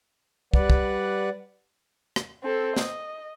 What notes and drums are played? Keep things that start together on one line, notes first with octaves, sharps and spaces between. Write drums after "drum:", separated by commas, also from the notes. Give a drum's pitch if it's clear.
G3 B4 D5 F#5, drum: kick
drum: kick
drum: rim click
C4 A4
D#5, drum: snare